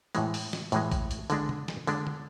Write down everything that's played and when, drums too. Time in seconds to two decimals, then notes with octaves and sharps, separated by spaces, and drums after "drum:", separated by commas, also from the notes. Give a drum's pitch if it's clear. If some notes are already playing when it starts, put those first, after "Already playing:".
0.15 A2 E3 G#3, drum: hi-hat
0.34 drum: open hi-hat
0.53 drum: snare
0.72 A2 E3 G#3, drum: hi-hat
0.91 drum: kick A1, hi-hat
1.11 drum: hi-hat
1.30 D3 G#3 D4, drum: hi-hat
1.49 drum: tom
1.68 drum: snare
1.87 D3 G#3 D4, drum: hi-hat
2.07 drum: tom